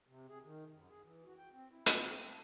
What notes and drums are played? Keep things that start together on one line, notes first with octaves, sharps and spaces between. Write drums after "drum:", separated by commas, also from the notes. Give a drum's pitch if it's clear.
C3
G#4
D#3
F#2
G#4
E3
F#4
G5
C4
E4
drum: hi-hat
C4
A5